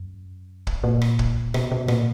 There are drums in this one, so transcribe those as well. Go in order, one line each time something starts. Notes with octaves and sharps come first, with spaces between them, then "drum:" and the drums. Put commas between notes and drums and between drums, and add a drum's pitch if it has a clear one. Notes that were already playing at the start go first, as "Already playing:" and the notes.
Already playing: F#2
drum: kick
A#2
drum: rim click
drum: kick
B2, drum: rim click
B2
A#2, drum: rim click